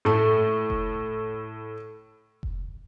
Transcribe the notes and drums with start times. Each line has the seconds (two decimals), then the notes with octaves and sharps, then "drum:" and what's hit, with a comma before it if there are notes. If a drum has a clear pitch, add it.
0.05 A2 A3
0.70 drum: kick F1
2.43 drum: kick F1